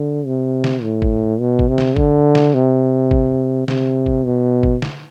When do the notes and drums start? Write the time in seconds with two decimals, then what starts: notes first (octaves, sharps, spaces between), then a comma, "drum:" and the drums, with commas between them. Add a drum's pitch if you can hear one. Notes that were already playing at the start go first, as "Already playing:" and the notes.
Already playing: D3
0.26 C3
0.64 drum: snare
0.82 A2
1.02 drum: kick
1.40 B2
1.59 drum: kick
1.69 C3
1.78 drum: snare
1.96 D3, drum: kick
2.35 drum: snare
2.54 C3
3.11 drum: kick
3.68 C3, drum: snare
4.06 drum: kick
4.26 B2
4.63 drum: kick
4.82 drum: snare